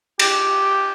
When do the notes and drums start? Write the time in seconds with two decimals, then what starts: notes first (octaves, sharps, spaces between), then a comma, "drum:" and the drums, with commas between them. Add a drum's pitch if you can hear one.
0.19 G4, drum: cymbal